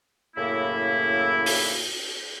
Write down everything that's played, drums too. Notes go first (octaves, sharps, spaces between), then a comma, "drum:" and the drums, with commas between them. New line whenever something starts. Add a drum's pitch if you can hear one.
F#2 A2 C#3 A#3 E4
drum: open hi-hat